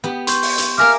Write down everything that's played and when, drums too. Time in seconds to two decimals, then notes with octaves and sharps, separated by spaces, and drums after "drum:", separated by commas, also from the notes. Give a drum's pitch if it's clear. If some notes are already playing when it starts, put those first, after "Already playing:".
0.04 B3 G4
0.27 C6 C#6 G6, drum: hi-hat
0.42 drum: open hi-hat
0.58 drum: hi-hat
0.78 A#3 A#4 E5 G#5 D6 F6